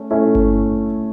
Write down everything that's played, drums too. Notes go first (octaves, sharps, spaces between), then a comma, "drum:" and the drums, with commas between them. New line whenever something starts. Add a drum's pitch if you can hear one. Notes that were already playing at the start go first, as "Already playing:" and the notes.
Already playing: A3 C#4
A3 C#4 E4
drum: kick G1